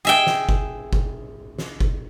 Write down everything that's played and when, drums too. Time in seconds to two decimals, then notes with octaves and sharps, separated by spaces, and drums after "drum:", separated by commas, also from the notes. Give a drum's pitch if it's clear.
0.05 G#4 E5 G5
0.27 drum: snare
0.49 drum: kick F#1
0.93 drum: kick F#1
1.59 drum: snare
1.80 drum: kick F#1